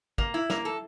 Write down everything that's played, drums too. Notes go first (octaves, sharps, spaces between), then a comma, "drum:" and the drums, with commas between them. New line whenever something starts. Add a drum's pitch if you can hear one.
A#3, drum: kick
E4
A#3, drum: snare
A4